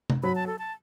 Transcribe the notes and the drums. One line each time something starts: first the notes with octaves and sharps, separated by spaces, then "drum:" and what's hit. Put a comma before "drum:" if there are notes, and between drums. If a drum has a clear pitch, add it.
drum: tom C3
F#3 B5
A5
A4
A5